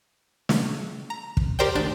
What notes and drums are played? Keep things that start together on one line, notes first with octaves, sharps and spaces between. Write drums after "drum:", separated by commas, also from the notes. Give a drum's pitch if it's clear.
drum: snare
A#5
drum: kick
G4 A#4 C5 D5 G5
G#1 D2 D4 G6 A6